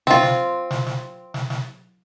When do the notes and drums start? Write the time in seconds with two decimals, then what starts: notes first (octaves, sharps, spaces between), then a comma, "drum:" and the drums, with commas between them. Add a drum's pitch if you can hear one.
0.07 C4 F4, drum: snare
0.23 drum: snare
0.71 drum: snare
0.86 drum: snare
1.34 drum: snare
1.50 drum: snare